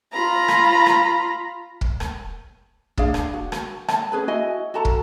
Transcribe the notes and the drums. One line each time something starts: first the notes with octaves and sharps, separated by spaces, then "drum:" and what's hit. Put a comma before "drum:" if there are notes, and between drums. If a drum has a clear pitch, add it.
F4 A#5 B5
drum: rim click
drum: rim click
drum: kick
drum: rim click
D4 G#4 F5, drum: kick
drum: rim click
F#4
drum: rim click
A5, drum: rim click
C#4 G#4 B4
E4 F#4 D#5 G#5
F#4 A4 A5 A#5
drum: kick